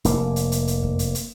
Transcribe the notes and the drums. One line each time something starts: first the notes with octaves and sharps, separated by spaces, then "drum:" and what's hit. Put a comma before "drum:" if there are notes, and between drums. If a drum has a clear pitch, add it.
F1 A#3, drum: hi-hat
drum: hi-hat
drum: hi-hat
drum: hi-hat
drum: kick F#2
drum: hi-hat
drum: hi-hat